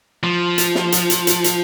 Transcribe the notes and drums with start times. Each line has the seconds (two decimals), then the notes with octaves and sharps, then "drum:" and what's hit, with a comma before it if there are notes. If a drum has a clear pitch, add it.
0.24 F3
0.58 drum: hi-hat
0.75 drum: snare
0.92 drum: hi-hat
1.10 drum: hi-hat
1.27 drum: hi-hat
1.44 drum: hi-hat